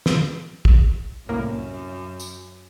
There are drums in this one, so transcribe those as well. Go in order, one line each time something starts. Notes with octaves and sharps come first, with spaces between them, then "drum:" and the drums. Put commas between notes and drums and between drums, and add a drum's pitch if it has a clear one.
drum: snare
drum: kick
C2 F#2 A2 A#3
drum: tambourine